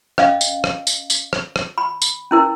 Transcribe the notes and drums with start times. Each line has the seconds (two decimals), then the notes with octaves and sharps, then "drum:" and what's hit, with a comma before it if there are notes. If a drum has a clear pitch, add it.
0.18 C#4 D#5 F5, drum: rim click
0.41 drum: tambourine
0.64 drum: rim click
0.87 drum: tambourine
1.10 drum: tambourine
1.33 drum: rim click
1.56 drum: rim click
1.78 B5
2.02 drum: tambourine
2.31 C#4 E4 A#4